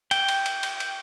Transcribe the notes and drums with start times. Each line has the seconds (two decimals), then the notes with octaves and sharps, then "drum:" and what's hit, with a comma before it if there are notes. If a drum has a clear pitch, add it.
0.11 G5, drum: cymbal
0.28 drum: cymbal
0.46 drum: cymbal
0.63 drum: cymbal
0.80 drum: cymbal